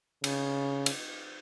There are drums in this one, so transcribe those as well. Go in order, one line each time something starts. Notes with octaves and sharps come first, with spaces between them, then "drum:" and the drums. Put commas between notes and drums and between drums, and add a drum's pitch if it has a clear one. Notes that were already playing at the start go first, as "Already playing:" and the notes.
C#3, drum: cymbal
drum: cymbal